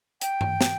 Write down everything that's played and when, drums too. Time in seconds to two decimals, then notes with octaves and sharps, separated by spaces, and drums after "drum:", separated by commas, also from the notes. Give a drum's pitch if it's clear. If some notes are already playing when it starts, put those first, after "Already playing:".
0.21 G5, drum: hi-hat
0.41 drum: tom G2
0.61 drum: snare